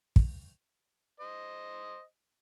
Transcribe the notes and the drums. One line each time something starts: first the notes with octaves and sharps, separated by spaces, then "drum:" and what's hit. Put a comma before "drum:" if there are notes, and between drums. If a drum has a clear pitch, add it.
drum: kick
C5 D#5